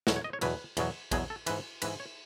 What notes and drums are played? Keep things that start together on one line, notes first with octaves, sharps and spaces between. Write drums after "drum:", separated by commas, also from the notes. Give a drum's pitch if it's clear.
E2 B2 F#3 F#4, drum: snare
C#5
D#5
C#5
E2 B2 F#3 B4, drum: cymbal
E2 B2 F#3, drum: cymbal
E2 B2 F#3 G#4, drum: kick, cymbal
A4
G#2 E3 B4, drum: cymbal
G#2 E3 B4, drum: cymbal
C#5